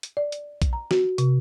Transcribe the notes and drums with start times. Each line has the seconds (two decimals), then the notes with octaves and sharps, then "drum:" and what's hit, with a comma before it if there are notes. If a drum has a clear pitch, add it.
0.03 drum: hi-hat
0.17 D5
0.32 drum: hi-hat
0.62 drum: kick A#1, hi-hat
0.73 A#5
0.91 F#4, drum: snare
1.18 C3, drum: hi-hat